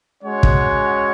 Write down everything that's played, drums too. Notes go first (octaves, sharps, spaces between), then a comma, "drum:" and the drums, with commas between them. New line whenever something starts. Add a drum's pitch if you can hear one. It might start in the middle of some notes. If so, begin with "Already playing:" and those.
G#3 C#4 F#4 C#5 F#5
drum: kick